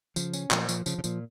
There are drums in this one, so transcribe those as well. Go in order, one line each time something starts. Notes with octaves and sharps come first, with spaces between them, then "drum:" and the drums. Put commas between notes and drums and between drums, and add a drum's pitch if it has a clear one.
C#3 F3, drum: tambourine
C#4, drum: tambourine
A#2 F3, drum: clap
F3, drum: tambourine
C#3 F3, drum: tambourine
C#3
A#2 F3, drum: tambourine